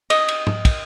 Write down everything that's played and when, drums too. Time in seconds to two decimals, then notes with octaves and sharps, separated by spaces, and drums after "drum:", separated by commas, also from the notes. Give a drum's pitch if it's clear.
0.10 D#5, drum: cymbal
0.28 drum: cymbal
0.47 drum: tom
0.65 drum: kick, cymbal